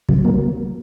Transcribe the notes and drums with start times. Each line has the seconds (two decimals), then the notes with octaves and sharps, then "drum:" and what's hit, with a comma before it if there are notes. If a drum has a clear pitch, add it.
0.09 C#3 F#3, drum: kick
0.24 F#3 A#3